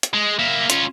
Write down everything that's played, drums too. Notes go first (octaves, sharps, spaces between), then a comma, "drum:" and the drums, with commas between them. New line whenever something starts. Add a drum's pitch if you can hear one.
drum: hi-hat
G#3
A#3 E4
C#4 F4, drum: hi-hat